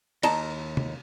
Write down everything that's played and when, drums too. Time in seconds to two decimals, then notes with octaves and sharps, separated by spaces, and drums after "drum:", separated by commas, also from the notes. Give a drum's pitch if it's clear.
0.23 D#2 D#5 A5 A#5, drum: cymbal
0.77 drum: tom